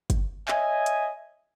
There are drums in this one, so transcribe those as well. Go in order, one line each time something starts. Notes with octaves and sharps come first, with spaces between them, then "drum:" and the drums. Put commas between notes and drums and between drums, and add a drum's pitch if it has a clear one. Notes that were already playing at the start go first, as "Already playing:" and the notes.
drum: kick, hi-hat
C#5 D#5 E5 G#5, drum: clap
drum: hi-hat